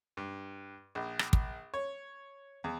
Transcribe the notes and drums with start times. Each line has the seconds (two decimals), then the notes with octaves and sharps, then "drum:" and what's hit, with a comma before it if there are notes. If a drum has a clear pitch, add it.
0.17 G2
0.95 A#1
1.19 drum: rim click
1.33 drum: kick
1.74 C#5
2.64 E2